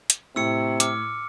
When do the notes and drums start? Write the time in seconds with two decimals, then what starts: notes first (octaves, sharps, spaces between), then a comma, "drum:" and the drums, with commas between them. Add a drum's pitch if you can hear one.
0.10 drum: hi-hat
0.36 A2 C3 E6 C#7
0.80 D6 F6, drum: hi-hat